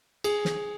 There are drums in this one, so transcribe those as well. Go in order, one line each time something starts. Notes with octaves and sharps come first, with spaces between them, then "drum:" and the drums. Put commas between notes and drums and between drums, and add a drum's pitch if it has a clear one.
G#4, drum: cymbal
drum: snare